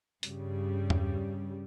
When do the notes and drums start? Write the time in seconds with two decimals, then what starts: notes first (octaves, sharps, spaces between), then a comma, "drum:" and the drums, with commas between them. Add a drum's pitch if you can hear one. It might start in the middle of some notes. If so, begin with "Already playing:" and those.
0.23 G2 C#3 G3, drum: hi-hat
0.90 drum: tom E2